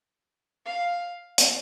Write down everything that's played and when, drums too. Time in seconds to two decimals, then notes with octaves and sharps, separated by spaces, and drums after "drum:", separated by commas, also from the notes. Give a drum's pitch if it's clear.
0.65 F5
1.38 drum: hi-hat